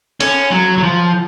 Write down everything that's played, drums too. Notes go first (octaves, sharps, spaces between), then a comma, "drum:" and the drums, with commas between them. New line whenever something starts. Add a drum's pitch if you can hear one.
C#4, drum: cymbal
F#3
F#3
F3